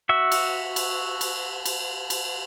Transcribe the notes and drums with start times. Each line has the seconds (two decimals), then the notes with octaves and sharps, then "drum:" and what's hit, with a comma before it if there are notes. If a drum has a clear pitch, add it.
0.09 F#4 E5
0.32 drum: cymbal
0.76 drum: cymbal
1.21 drum: cymbal
1.65 drum: cymbal
2.10 drum: cymbal